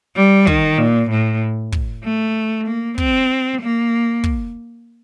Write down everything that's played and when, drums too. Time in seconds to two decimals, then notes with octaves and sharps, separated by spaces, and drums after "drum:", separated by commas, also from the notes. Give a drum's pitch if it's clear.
0.16 G3
0.47 D#3, drum: kick
0.78 A#2
1.10 A2
1.72 drum: kick
2.04 A3
2.67 A#3
2.98 C4, drum: kick
3.61 A#3
4.24 drum: kick